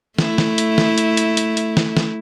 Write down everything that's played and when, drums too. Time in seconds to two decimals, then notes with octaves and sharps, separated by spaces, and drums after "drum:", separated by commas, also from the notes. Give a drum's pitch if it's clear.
0.18 A3 E4, drum: snare
0.38 drum: snare
0.58 drum: hi-hat
0.78 drum: snare
0.98 drum: hi-hat
1.17 drum: hi-hat
1.37 drum: hi-hat
1.57 drum: hi-hat
1.77 drum: snare
1.97 drum: snare